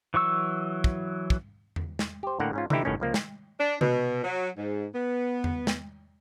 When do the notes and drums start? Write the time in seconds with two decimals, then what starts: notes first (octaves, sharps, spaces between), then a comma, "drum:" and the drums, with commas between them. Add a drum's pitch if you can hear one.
0.14 E3 F#3 C#6 E6
0.84 drum: kick
1.30 drum: kick
1.76 drum: tom E2
1.99 drum: snare
2.23 G4 C5
2.40 A2 D3 A#3 F#5 G5 A#5
2.53 G#2 C#4 F4
2.70 D3 E3 D#4 E4 G4, drum: tom C3
2.85 G1 A2 D#3 C#4
3.00 C#2 F3 A#3
3.14 drum: snare
3.60 D4
3.81 B2, drum: tom C3
4.24 F#3
4.58 G#2
4.95 B3
5.44 drum: tom E2
5.67 drum: snare